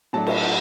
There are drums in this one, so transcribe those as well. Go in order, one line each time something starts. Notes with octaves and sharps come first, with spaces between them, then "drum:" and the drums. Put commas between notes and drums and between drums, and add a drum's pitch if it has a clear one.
A2 F#3 A3 D4 A5
drum: cymbal
F#5